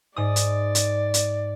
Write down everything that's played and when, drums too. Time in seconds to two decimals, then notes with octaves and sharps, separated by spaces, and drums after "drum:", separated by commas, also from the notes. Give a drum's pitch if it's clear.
0.16 G#2 D5 D#6
0.36 drum: hi-hat
0.75 drum: hi-hat
1.14 drum: hi-hat